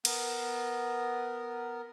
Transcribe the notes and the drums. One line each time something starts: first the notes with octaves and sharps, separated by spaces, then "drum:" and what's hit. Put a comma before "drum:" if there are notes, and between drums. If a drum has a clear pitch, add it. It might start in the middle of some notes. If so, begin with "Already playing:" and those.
B3 A#4, drum: cymbal